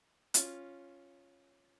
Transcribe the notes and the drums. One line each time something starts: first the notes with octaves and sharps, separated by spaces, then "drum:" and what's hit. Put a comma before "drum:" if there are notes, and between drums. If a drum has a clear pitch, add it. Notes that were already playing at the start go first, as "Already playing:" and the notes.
C#4 F4, drum: hi-hat